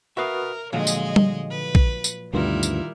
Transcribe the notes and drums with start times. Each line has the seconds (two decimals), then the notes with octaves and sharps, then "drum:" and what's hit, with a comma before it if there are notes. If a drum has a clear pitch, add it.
0.17 F#4 A#4 B4 E5 F5 D#6
0.73 A#2 D3 F3 F#3 G#3 D#5
0.87 drum: tambourine
1.16 drum: tom G3
1.51 B4
1.75 drum: kick A#1
2.04 drum: tambourine
2.33 D2 G2 B2 D#3 G3 E4 F4 A#4
2.63 drum: tambourine